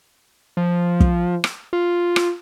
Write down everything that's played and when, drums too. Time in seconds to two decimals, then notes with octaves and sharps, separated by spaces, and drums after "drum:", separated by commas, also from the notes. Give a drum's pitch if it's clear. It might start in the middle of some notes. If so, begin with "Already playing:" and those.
0.57 F3
1.00 drum: kick
1.44 drum: rim click
1.73 F4
2.16 drum: rim click